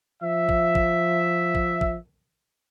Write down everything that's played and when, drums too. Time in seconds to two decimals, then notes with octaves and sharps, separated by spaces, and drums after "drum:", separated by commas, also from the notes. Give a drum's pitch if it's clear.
0.22 F3 E5
0.49 drum: kick
0.75 drum: kick
1.55 drum: kick
1.81 drum: kick